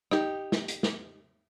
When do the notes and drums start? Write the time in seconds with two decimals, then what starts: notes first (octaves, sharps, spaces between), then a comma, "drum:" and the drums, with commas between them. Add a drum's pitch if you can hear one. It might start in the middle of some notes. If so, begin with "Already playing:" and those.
0.11 D#4 G4, drum: rim click
0.52 drum: snare
0.68 drum: hi-hat
0.83 drum: snare